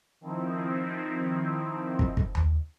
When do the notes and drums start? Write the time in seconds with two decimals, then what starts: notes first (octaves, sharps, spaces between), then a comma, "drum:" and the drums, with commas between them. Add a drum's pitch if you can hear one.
0.21 D#3 F3 C4 D#4 E4
1.99 drum: kick
2.17 drum: kick
2.35 drum: tom D#2